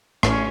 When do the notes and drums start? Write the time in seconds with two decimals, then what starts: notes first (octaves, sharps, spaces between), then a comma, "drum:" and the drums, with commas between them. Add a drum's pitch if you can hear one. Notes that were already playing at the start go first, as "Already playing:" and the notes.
0.23 A1 A2 C#4, drum: rim click